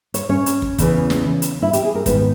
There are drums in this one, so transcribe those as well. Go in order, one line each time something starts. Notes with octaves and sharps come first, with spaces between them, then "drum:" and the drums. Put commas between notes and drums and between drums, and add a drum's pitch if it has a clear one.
C#5, drum: hi-hat
C#4 C#5
drum: hi-hat
drum: kick
E2 C#3 E3, drum: kick, hi-hat
drum: snare
drum: hi-hat
E4
G4, drum: hi-hat
G#4
A#4
G#2 D#3 B3 B4, drum: kick, hi-hat